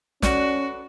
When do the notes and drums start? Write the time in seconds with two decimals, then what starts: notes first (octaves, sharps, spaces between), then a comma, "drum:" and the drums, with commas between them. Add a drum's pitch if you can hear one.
0.22 C#4 D4 F#4 A4 B4, drum: snare